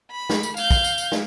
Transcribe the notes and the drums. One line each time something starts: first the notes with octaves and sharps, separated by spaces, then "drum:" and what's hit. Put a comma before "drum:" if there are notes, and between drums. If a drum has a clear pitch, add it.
B5
drum: snare
drum: tambourine
F5 G6, drum: tambourine
drum: kick, tambourine
drum: tambourine
drum: tambourine
drum: snare